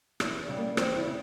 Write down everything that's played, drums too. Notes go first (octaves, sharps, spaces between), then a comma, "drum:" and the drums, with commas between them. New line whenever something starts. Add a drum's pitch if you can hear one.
E2 E4, drum: rim click
C#3 G3
A#3
E2 C4, drum: rim click
E4
C#3